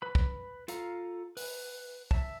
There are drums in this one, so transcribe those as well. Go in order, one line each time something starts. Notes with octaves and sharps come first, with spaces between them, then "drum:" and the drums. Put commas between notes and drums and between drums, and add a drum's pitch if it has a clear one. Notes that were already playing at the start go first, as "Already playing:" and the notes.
B4 B5
drum: kick
F4 A4 F5 A#5, drum: hi-hat
B4, drum: open hi-hat
E5 A5, drum: kick